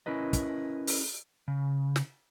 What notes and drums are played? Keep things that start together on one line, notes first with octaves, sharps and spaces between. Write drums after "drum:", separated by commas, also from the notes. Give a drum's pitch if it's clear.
C#4 E4 A#4 B4 D#5
drum: kick, hi-hat
drum: open hi-hat
C#3
drum: snare